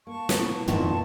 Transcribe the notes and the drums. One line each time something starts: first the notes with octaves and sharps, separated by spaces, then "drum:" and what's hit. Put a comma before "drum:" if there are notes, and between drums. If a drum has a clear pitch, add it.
A#3 A5 C#6
B2 E3 A#3, drum: snare
F2 A#2 D#3 A5 C6 C#6, drum: tom